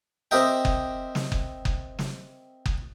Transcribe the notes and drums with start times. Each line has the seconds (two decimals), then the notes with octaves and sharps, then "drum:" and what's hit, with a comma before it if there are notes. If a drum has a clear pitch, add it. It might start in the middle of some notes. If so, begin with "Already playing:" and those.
0.31 C4 G4 A#4 D#5 E5 G5
0.65 drum: kick F#1
1.15 drum: snare
1.32 drum: kick F#1
1.65 drum: kick F#1
1.99 drum: snare
2.66 drum: kick F#1